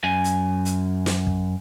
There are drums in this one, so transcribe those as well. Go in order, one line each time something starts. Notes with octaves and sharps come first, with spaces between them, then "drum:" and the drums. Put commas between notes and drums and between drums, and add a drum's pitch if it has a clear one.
F#2 G#5
drum: hi-hat
drum: hi-hat
drum: snare
drum: kick